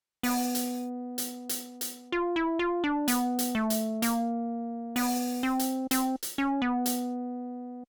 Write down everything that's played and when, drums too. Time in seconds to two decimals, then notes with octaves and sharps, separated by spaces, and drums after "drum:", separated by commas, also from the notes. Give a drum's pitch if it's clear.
0.23 B3, drum: open hi-hat
0.55 drum: hi-hat
1.18 drum: hi-hat
1.49 drum: hi-hat
1.81 drum: hi-hat
2.12 F4
2.36 E4
2.59 F4
2.84 D4
3.08 B3, drum: hi-hat
3.39 drum: hi-hat
3.55 A3
3.70 drum: hi-hat
4.02 A#3, drum: hi-hat
4.96 B3, drum: open hi-hat
5.43 C4
5.59 drum: hi-hat
5.91 C4, drum: hi-hat
6.23 drum: hi-hat
6.38 C#4
6.62 B3
6.86 drum: hi-hat